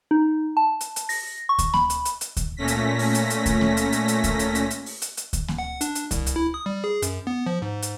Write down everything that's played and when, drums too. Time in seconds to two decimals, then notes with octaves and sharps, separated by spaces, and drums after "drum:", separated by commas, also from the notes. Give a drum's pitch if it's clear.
0.11 D#4
0.57 A5
0.81 drum: hi-hat
0.96 drum: hi-hat
1.09 A#6, drum: open hi-hat
1.49 C#6
1.59 drum: kick D2, hi-hat
1.74 B5, drum: snare A#3
1.90 drum: hi-hat
2.05 drum: hi-hat
2.21 drum: hi-hat
2.36 drum: kick D2, hi-hat
2.57 A#2 A3 C#4 A#6 B6
2.68 drum: hi-hat
2.99 drum: open hi-hat
3.14 drum: hi-hat
3.30 drum: hi-hat
3.46 drum: kick D2, hi-hat
3.61 drum: snare A#3
3.77 drum: hi-hat
3.92 drum: hi-hat
4.08 drum: hi-hat
4.24 drum: kick D2, hi-hat
4.39 drum: hi-hat
4.55 drum: hi-hat
4.70 drum: hi-hat
4.86 drum: open hi-hat
5.02 drum: hi-hat
5.17 drum: hi-hat
5.33 drum: kick D2, hi-hat
5.48 drum: snare A#3
5.59 F#5
5.81 D4, drum: hi-hat
5.95 drum: hi-hat
6.11 C2, drum: kick D2, hi-hat
6.26 drum: hi-hat
6.36 E4
6.54 D#6
6.66 G3
6.84 G#4
7.02 F#2, drum: hi-hat
7.27 B3
7.46 F3
7.62 G#2
7.82 drum: hi-hat